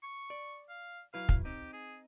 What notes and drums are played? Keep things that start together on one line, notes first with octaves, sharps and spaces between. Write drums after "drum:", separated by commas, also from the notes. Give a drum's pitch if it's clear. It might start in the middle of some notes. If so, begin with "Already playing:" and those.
C#6
D5
F5
F#3 E4 B4 F5
drum: kick
C4 D#4 G4
G#4